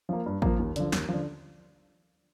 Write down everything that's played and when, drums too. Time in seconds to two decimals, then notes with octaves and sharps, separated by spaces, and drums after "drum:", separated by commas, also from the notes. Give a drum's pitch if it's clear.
0.09 F3 A#3
0.26 G2
0.42 F3 A#3, drum: kick A1
0.59 D#2
0.76 D3 F3, drum: hi-hat
0.92 D#2, drum: snare
1.08 D3 F3